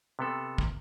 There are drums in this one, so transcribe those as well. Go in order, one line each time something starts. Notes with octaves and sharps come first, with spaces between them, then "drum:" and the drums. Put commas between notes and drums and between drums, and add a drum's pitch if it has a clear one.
C3 B3 A4
drum: kick